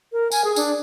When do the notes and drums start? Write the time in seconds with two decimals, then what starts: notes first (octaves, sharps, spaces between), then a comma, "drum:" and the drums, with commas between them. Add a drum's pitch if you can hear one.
0.13 A#4
0.31 G#5, drum: tambourine
0.44 G#4
0.56 D4, drum: tambourine